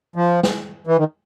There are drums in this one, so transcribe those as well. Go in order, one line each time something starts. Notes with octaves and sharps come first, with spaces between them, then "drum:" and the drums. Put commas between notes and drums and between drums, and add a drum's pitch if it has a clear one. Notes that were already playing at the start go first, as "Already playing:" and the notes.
F3
drum: snare
E3
D#3